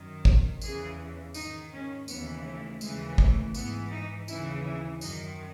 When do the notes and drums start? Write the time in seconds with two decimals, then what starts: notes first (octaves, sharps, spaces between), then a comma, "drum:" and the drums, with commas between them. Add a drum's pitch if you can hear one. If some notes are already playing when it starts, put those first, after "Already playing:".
Already playing: F#2 D#3
0.25 drum: kick
0.62 E2 C#3 E3 G#4, drum: tambourine
1.34 G#2 D#3 D#4, drum: tambourine
1.72 C#4
2.08 D#2 C#3 E3 B3, drum: tambourine
2.45 A3
2.81 D#2 C#3 E3 G#3, drum: tambourine
3.18 A3, drum: kick
3.54 G#2 E3 B3, drum: tambourine
3.91 D#4
4.28 D#2 C#3 E3 E4, drum: tambourine
4.64 E4
5.01 F#2 D#3 D#4, drum: tambourine